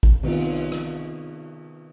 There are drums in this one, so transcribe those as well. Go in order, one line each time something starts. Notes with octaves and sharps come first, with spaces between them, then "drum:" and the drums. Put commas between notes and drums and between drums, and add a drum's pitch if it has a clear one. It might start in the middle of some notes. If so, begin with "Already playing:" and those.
drum: kick
C3 D#3 B3 F4, drum: cymbal
drum: rim click